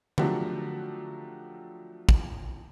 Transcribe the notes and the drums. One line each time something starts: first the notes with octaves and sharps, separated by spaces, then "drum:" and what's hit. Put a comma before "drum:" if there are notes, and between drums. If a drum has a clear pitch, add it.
F3 F#3 A3 D4 F#4 G4, drum: tom D3
drum: kick